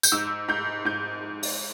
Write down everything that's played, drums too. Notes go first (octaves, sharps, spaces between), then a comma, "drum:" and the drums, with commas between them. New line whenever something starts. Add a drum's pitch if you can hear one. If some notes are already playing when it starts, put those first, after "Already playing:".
G6, drum: tambourine
G#2 E6
G#2 G6
G#2 G6
drum: open hi-hat